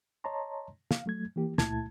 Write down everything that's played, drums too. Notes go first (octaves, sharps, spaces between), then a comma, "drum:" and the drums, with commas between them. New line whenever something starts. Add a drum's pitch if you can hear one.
C#5 D#5 A5 A#5 C6
F5, drum: snare
F#3 A3 G#6
E3 A#3 G4
C#2 A#2 A3 E4 A5 G#6, drum: snare